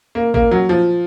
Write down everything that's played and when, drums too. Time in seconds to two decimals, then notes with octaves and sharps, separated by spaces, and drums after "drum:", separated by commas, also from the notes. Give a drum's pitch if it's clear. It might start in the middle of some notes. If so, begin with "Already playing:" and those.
0.15 A#3
0.34 A#3, drum: kick A1
0.51 F#3
0.69 F3